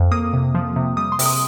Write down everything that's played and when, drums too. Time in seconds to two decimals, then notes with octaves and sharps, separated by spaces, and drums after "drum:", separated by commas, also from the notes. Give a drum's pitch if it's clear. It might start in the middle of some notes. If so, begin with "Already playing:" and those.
Already playing: F2
0.11 A#3 D#6
0.33 C3
0.55 F3
0.76 C3
0.97 G3 D#6
1.12 C6
1.19 C3, drum: open hi-hat
1.26 D#6